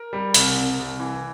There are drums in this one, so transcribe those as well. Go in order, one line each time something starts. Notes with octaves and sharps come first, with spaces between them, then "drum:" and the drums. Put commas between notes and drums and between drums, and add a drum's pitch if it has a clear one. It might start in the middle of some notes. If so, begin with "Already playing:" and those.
Already playing: A#4
G3
C2, drum: hi-hat
C3
C2
E3